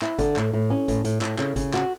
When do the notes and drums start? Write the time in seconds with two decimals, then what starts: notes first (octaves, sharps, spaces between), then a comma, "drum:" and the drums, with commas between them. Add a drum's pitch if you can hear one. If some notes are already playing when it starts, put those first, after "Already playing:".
0.02 E4, drum: clap
0.19 D3, drum: kick G1, hi-hat
0.36 A2, drum: clap
0.54 A2
0.70 C#4
0.88 A2, drum: kick G1, hi-hat
1.05 A2, drum: hi-hat
1.21 A2, drum: clap
1.38 C#3, drum: clap
1.56 C#3, drum: kick G1, hi-hat
1.74 F#4, drum: clap